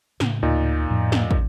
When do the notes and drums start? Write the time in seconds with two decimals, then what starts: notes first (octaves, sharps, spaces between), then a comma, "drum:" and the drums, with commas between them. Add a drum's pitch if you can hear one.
0.20 A2 C#3, drum: snare
0.43 D2 A#2 D#4
0.91 F2 A2
1.12 drum: snare
1.31 drum: kick